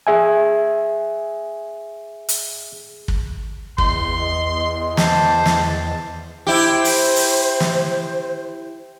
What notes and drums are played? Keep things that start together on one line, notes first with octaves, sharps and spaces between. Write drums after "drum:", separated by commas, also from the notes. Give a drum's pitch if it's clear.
G#4 E5 G#5
drum: hi-hat
drum: kick
E2 D#5 C6, drum: kick
G4 C5 A5, drum: snare
drum: snare
E4 G4 C5
drum: open hi-hat
drum: open hi-hat
drum: snare